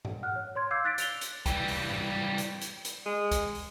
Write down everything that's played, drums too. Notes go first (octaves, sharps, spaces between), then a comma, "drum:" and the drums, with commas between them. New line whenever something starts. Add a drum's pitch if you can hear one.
drum: tom G#2
F#5 F6 F#6
C#5
C#5 C6 G#6
F5 D6 E6 G6 G#6 C7
F#6 A6 B6 D7
B6 F7 G7, drum: hi-hat
drum: hi-hat
E3 G3, drum: kick, hi-hat
drum: open hi-hat
drum: tom G#2
drum: hi-hat
drum: hi-hat
drum: hi-hat
G#3
drum: kick, hi-hat
drum: open hi-hat